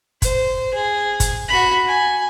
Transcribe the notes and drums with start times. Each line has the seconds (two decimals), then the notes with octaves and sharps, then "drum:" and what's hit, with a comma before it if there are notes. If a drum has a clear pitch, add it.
0.22 C5, drum: kick, hi-hat
0.74 G#4
1.20 drum: kick, hi-hat
1.48 F#4 B5
1.87 G#5